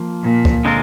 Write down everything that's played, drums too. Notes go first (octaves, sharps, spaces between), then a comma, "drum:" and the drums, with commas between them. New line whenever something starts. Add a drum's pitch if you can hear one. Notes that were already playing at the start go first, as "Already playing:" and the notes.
Already playing: F3 A#3
A#2
drum: kick C#2
D3 G#3 C4 F4 A#4